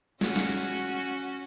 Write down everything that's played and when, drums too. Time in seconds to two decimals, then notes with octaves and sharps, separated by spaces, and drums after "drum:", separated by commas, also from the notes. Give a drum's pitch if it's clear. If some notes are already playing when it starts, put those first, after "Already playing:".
0.21 C#4 F#4, drum: snare
0.36 drum: snare